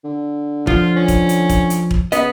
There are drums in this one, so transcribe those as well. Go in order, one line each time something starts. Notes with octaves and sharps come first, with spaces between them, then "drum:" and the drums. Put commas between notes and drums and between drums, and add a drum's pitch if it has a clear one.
D3
F3 F4, drum: kick E1
C#4
drum: kick E1, hi-hat
drum: hi-hat
drum: kick E1, hi-hat
drum: hi-hat
drum: kick E1
C#3 B3 D#5, drum: hi-hat